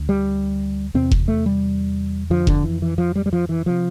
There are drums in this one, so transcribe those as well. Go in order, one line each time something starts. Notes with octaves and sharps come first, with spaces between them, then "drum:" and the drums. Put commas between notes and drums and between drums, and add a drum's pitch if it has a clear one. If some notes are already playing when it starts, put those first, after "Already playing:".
Already playing: D2
G3
E2 C3 C4
drum: kick F1
A3
G3
F2 D3 F3
D3, drum: kick F1
E3
E3
F3
G3
G3
F3
E3
C3 F3